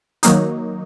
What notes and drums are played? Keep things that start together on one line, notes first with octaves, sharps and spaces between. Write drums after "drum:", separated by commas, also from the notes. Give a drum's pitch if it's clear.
D#3 F#3 A#3 D#4, drum: hi-hat